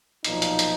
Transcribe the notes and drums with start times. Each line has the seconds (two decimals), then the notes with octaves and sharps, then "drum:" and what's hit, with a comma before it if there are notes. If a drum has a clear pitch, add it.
0.24 B1 A#2 F3 D#4, drum: hi-hat
0.42 drum: hi-hat
0.59 drum: hi-hat